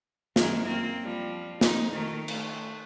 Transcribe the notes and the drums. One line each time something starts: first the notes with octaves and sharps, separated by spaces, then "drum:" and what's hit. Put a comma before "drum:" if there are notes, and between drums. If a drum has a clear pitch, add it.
F#2 D#3 G#3, drum: snare
A#3 C4
F3 G3
D#4, drum: snare
D#3 A3
A3, drum: cymbal